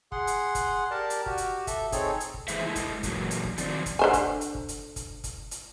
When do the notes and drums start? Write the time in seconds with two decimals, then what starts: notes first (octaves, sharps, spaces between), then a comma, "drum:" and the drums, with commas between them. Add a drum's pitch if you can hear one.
0.12 G#4 F#5 C6, drum: kick
0.27 drum: hi-hat
0.55 drum: kick, hi-hat
0.91 G4 A#4 D5 A5
1.10 drum: hi-hat
1.26 F#4 G4, drum: kick
1.38 drum: hi-hat
1.67 A4 E5, drum: kick, hi-hat
1.92 C4 D#4 G#4 A4 C#5, drum: kick, hi-hat
2.20 drum: hi-hat
2.34 drum: kick
2.48 E3 G#3 A3 G#4 C5 E5, drum: hi-hat
2.66 G#3 E4
2.75 drum: kick, hi-hat
3.03 A#2 E3 F#3, drum: kick, hi-hat
3.31 drum: hi-hat
3.44 drum: kick
3.58 D#3 F3 F#3 C4 D5, drum: hi-hat
3.86 drum: kick, hi-hat
3.99 D3 C5 G#5
4.13 drum: kick, hi-hat
4.41 drum: hi-hat
4.55 drum: kick
4.69 drum: hi-hat
4.96 drum: kick, hi-hat
5.24 drum: kick, hi-hat
5.51 drum: hi-hat